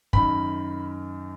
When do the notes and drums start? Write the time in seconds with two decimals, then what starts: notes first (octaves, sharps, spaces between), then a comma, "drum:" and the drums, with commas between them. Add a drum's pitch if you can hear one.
0.13 F#2 D#3 B5, drum: kick